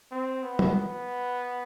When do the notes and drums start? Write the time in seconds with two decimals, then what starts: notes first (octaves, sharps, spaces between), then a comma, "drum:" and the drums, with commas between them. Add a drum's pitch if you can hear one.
0.12 C4
0.43 B3
0.59 drum: tom
0.75 B3